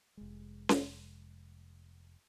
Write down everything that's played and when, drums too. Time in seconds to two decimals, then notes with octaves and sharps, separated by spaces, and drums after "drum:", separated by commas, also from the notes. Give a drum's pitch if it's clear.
0.17 F1 G#3
0.69 drum: snare C#4